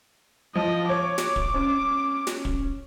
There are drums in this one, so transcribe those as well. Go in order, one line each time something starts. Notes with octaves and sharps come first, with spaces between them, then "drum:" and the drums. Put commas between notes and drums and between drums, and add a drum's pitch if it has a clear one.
F3 D#5
C#5 D6
drum: snare
drum: kick
C#4
drum: snare
drum: kick